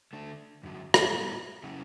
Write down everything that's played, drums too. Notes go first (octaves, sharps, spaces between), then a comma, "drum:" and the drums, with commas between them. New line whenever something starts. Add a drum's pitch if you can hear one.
D3 A3 D4
F#2 D3 F#3
drum: rim click
A2 G3 B3
C#3 F#3 C#4 E4